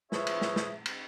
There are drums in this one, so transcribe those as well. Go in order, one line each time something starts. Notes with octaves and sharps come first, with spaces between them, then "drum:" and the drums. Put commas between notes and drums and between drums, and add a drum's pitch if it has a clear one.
F3 E4 G#4 B4 C#5 E5, drum: snare
drum: cymbal
drum: snare
drum: snare
drum: cymbal